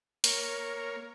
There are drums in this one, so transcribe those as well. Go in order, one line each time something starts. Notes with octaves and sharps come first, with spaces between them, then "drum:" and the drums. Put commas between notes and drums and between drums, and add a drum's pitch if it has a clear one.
A#3 A#4 C#5, drum: hi-hat